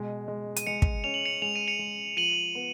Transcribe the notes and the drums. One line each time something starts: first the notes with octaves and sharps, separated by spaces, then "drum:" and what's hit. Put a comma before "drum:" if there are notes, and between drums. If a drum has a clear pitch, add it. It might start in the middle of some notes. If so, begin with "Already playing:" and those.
Already playing: B2 G#3
G#3
D#7, drum: hi-hat
G#3 C#7 F7
drum: kick
C#4 F7
F#7
C#7 F7
G#3 F7
D#7
C#7 F7
G#3
F3 D#7 F#7
B3